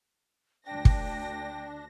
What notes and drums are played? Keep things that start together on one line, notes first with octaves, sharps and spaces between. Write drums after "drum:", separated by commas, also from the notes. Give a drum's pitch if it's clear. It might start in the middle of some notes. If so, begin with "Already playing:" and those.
D2 D4 G5 A#6
drum: kick